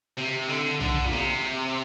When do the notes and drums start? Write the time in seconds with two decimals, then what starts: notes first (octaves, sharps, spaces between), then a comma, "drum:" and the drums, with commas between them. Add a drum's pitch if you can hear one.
0.18 C3
0.49 D3
0.80 D3, drum: tom B1
1.06 A#2
1.13 C3